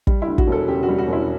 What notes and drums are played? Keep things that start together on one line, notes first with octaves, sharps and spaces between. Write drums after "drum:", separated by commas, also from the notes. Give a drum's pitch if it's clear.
G3, drum: kick
E4
D2
F#4, drum: kick
E1 A4
C#3 G4
F#4
G3
F#4
E1
E4